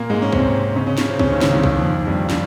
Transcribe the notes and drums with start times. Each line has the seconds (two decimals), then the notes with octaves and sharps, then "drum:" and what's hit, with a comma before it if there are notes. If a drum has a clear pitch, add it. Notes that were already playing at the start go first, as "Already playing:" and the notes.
Already playing: A#2 A#3
0.10 G#2 G#3
0.22 C#4
0.33 C3 C4, drum: kick
0.76 C#3 C#4
0.87 C#3 C#4
0.98 C#3 C#4, drum: snare
1.09 C3 C4
1.19 C#3 C#4, drum: kick
1.31 D#2 D#3
1.41 C#2 C#3, drum: snare
1.52 C2 C3
1.63 D#2 D#3, drum: kick
1.78 F2 F3
2.07 G2 G3
2.30 F3, drum: snare